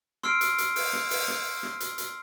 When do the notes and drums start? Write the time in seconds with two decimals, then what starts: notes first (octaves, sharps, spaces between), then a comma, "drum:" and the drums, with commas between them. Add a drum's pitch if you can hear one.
0.23 C6 E6 F6 C7 D7, drum: rim click
0.41 drum: hi-hat
0.58 drum: hi-hat
0.76 drum: open hi-hat
0.93 drum: rim click
1.11 drum: open hi-hat
1.28 drum: rim click
1.63 drum: rim click
1.80 drum: hi-hat
1.98 drum: hi-hat